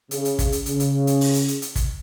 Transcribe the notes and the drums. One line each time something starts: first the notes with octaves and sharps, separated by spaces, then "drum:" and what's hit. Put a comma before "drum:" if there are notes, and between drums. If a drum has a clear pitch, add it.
C#3, drum: hi-hat
drum: hi-hat
drum: kick, hi-hat
drum: hi-hat
C#3, drum: hi-hat
drum: hi-hat
drum: hi-hat
drum: open hi-hat
drum: hi-hat
drum: hi-hat
drum: hi-hat
drum: kick, hi-hat